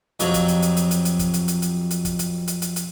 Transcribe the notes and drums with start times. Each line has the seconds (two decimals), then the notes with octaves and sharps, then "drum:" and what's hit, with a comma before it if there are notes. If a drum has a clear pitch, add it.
0.20 F2 C3 F3 F#3, drum: hi-hat
0.34 drum: kick, hi-hat
0.48 drum: hi-hat
0.62 drum: hi-hat
0.77 drum: hi-hat
0.91 drum: hi-hat
1.05 drum: hi-hat
1.19 drum: kick, hi-hat
1.34 drum: hi-hat
1.48 drum: hi-hat
1.62 drum: hi-hat
1.91 drum: hi-hat
2.05 drum: kick, hi-hat
2.19 drum: hi-hat
2.47 drum: hi-hat
2.62 drum: hi-hat
2.76 drum: hi-hat